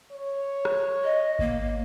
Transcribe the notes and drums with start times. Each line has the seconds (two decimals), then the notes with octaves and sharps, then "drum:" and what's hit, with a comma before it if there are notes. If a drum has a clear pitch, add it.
0.12 C#5
0.65 drum: rim click
1.04 D#5
1.39 A#3, drum: kick G#1